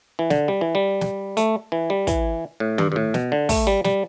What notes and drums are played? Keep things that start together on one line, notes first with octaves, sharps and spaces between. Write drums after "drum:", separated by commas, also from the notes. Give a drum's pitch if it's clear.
E3
D3, drum: snare
G3
E3
G3
drum: snare
A3, drum: hi-hat
E3
G3
E3, drum: kick, hi-hat
A2
G2, drum: tom D#3
G2
A2
B2, drum: snare
D3
A3, drum: kick, open hi-hat
G3
G3, drum: snare